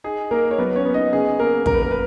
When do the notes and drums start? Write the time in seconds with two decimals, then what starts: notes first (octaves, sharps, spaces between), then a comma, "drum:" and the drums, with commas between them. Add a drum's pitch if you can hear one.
0.04 D#4 G#4
0.31 A#3 D#4 A#4
0.51 C#5
0.58 F#3 B3 B4
0.76 C#4 C#5
0.85 B3
0.94 D#4 D#5
1.13 C#3 G#4
1.39 A#3 A#4
1.66 F#2 A#4, drum: kick
1.74 B4
1.83 A#4
1.91 B4